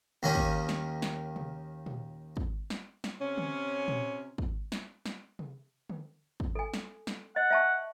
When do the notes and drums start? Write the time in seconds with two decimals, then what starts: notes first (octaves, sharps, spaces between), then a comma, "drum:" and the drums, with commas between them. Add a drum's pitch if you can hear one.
0.23 D#2 D#3 A#3 C#4
0.35 drum: kick
0.69 drum: snare
1.02 drum: snare
1.36 drum: tom C3
1.86 drum: tom A#2
2.37 drum: kick
2.70 drum: snare
3.04 drum: snare
3.21 C3 C#4
3.38 drum: tom D3
3.88 drum: tom A#2
4.38 drum: kick
4.72 drum: snare
5.06 drum: snare
5.39 drum: tom C3
5.90 drum: tom D3
6.40 drum: kick
6.55 A4 G#5
6.74 drum: snare
7.07 drum: snare
7.36 D#5 F#5
7.51 E5 A5 C#6